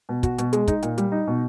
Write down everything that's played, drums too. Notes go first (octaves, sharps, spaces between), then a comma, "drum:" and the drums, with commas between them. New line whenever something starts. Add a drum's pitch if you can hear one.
B2
F#4, drum: kick, hi-hat
B2, drum: hi-hat
G#3, drum: hi-hat
D#4, drum: kick, hi-hat
A#2, drum: hi-hat
G3, drum: hi-hat
D#4
B2